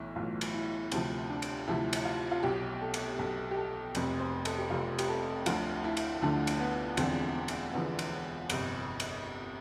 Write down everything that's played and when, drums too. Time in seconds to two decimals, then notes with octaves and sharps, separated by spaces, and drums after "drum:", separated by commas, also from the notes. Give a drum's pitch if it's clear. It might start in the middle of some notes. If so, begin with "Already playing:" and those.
Already playing: B1 A2 E3 E4
0.16 B1 A2 E3 F4
0.41 drum: cymbal
0.54 E4
0.92 D2 C3 F3 C4, drum: cymbal
1.30 D4
1.42 drum: cymbal
1.68 D2 C3 F3 E4
1.93 drum: cymbal
2.05 F4
2.32 F4
2.43 B1 B2 G4
2.81 A4
2.94 drum: cymbal
3.19 B1 B2 A4
3.51 G4
3.57 A4
3.95 F1 F2 C3, drum: cymbal
4.20 C5
4.45 A4, drum: cymbal
4.59 G4
4.70 F1 F2 C3 F4
4.99 G4, drum: cymbal
5.08 A4
5.46 D2 D3 F3 F4, drum: cymbal
5.84 E4
5.97 drum: cymbal
6.22 D2 D3 F3 D4
6.47 drum: cymbal
6.60 B3
6.97 E1 E2 D3 F3 C4, drum: cymbal
7.36 C4
7.48 drum: cymbal
7.73 E1 E2 D3 F3 B3
7.99 drum: cymbal
8.50 G1 F2 C3, drum: cymbal
9.00 drum: cymbal